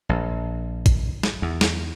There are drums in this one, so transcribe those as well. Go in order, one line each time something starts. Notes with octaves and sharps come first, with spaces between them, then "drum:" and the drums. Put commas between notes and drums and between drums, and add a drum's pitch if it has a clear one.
A#1
drum: kick A1, hi-hat
drum: snare
E2
drum: snare